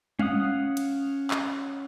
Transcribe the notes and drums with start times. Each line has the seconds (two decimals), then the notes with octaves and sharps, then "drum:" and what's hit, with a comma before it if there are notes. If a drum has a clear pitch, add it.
0.19 C#4 F5 F#5 D#6, drum: tom G3
0.77 drum: cymbal
1.31 drum: clap